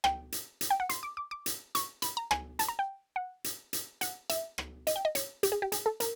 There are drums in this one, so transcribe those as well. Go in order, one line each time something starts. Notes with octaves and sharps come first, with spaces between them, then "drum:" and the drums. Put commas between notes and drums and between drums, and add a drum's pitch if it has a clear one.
G5, drum: rim click
drum: hi-hat
drum: hi-hat
G5
F#5
C6, drum: hi-hat
D6
D6
D6
drum: hi-hat
C#6, drum: hi-hat
B5, drum: hi-hat
A#5
G#5, drum: rim click
A5, drum: hi-hat
A#5
G5
F#5
drum: hi-hat
drum: hi-hat
F#5, drum: hi-hat
E5, drum: hi-hat
drum: rim click
D#5, drum: hi-hat
G5
D#5
C#5, drum: hi-hat
G4, drum: hi-hat
G#4
G4
G#4, drum: hi-hat
A4
A#4, drum: hi-hat